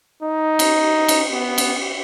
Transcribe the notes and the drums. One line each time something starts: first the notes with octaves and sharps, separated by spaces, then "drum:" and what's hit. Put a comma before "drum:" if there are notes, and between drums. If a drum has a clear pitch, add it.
D#4
drum: cymbal
drum: cymbal
B3
drum: cymbal